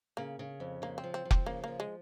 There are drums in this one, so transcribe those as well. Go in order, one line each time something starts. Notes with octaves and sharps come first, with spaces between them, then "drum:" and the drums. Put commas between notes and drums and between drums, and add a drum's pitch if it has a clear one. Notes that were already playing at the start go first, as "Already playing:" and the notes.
C#3 A#3
C#3
F2
C#3 A#3
C4
F3
C4
F3
C4, drum: kick F1
C#3 A#3
F3 A#3
G#3